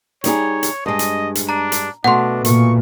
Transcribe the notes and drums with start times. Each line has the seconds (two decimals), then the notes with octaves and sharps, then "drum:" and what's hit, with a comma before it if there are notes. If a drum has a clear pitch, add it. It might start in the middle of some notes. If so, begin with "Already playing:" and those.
0.24 G3 D#4 G#4 C#5, drum: hi-hat
0.63 drum: hi-hat
0.86 G2 G#3 D#5
0.99 drum: hi-hat
1.35 drum: hi-hat
1.49 D4 A#5
1.72 drum: hi-hat
2.04 B2 A3 D4 F#5 C6
2.44 A#2 C#6, drum: hi-hat